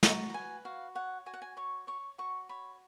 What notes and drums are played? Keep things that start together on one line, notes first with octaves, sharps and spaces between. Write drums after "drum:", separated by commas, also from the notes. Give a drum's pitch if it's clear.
F#4 A#5, drum: snare
A#5
B4 G#5
F#4 F5
C#5 F#5
F#4 G#5
F#5
G#5
C#5 C#6
C#5 C#6
F#4 C#6
C#5 B5